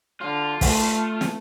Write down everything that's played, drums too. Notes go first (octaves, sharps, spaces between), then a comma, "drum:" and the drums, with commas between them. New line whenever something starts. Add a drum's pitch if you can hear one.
D3 F4
A3, drum: kick, open hi-hat
drum: snare